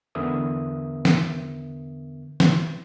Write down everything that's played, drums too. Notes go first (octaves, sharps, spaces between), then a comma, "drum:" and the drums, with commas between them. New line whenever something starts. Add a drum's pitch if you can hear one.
E2 D3 B3 A#4 E5 D#6
drum: snare
drum: snare